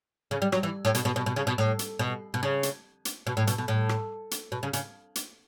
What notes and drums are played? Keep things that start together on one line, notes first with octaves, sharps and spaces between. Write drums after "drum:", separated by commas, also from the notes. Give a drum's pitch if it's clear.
C#3
G3
F#3, drum: rim click
E3
A2
B2, drum: hi-hat
B2
B2
B2
C#3
B2
A2
drum: hi-hat
B2
B2
C#3
drum: hi-hat
drum: hi-hat
B2
A2
B2, drum: hi-hat
B2
A2
drum: rim click
drum: hi-hat
B2
C#3
C#3, drum: hi-hat
drum: hi-hat